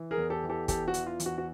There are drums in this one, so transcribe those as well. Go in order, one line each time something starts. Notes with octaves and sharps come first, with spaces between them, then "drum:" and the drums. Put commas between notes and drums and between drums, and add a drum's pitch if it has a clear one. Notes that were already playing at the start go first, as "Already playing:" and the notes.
Already playing: E3
G#4 A#4
E2
G4 A4
E3
G4 A4
E2 G4 A4, drum: kick, hi-hat
F#4
E3, drum: hi-hat
F4
E2, drum: hi-hat
F#4
F#4